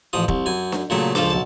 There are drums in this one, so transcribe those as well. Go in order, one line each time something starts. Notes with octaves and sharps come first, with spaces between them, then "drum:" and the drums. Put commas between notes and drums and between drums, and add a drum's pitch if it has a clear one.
A1 F3 D#6
C2, drum: kick
F#2 G#5
drum: snare D4
A#2 C#3 F#3 A3
C#2 F3 F4 A4 D6, drum: snare D4
B1 A5